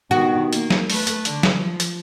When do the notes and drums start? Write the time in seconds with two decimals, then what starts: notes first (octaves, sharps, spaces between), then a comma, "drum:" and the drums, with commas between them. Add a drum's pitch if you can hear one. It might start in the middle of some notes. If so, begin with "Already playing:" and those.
0.11 B2 D#3 F#4
0.53 A#3, drum: hi-hat
0.70 drum: snare F#3
0.90 A3 B4, drum: open hi-hat
1.07 drum: hi-hat
1.25 D3, drum: hi-hat
1.43 drum: snare F#3
1.57 F3
1.80 drum: hi-hat